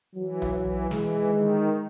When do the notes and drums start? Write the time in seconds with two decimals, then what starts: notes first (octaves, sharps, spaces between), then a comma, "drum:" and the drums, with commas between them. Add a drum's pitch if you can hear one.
0.15 E3 F#3
0.42 drum: tom B1
0.54 E3
0.91 E3 G#3, drum: snare
1.29 D#3